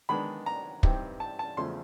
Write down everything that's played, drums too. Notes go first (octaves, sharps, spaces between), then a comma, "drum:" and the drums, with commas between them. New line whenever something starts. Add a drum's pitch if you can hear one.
D#3 G#3 B3 D4 B5
A#5
G2 E3 G3 C4 D#4, drum: kick
A5
A5
E2 C#3 F3 A3 C6